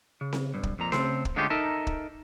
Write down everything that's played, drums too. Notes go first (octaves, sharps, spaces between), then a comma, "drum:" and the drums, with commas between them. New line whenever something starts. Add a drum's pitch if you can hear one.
C#3
drum: snare C4
B1 G2
drum: kick
F2 A#2 A#5
C#3 A3 C4 C5, drum: snare C4
drum: kick
D3 G#3 A3 C#4 F4 G4
D#4 A4 A#4 E5 A5
drum: kick